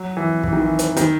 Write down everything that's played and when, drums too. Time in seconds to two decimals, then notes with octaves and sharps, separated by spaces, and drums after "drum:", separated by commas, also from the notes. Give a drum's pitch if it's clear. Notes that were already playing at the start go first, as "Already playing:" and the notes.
Already playing: F#3
0.17 E3
0.43 E3, drum: kick
0.53 D#3
0.61 E3
0.79 drum: hi-hat
0.97 D#3, drum: hi-hat